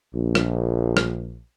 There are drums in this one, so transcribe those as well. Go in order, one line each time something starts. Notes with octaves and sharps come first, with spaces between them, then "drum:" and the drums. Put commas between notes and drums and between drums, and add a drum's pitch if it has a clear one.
A#1
drum: rim click
drum: rim click